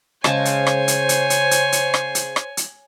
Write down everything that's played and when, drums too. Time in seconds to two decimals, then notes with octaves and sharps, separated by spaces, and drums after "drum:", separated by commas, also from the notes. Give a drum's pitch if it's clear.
0.24 C#3 G#3 C5 C#5 G#5 A5, drum: rim click
0.45 drum: hi-hat
0.67 drum: rim click
0.88 drum: hi-hat
1.09 drum: hi-hat
1.30 drum: hi-hat
1.51 drum: hi-hat
1.72 drum: hi-hat
1.94 drum: rim click
2.15 drum: hi-hat
2.36 drum: rim click
2.57 drum: hi-hat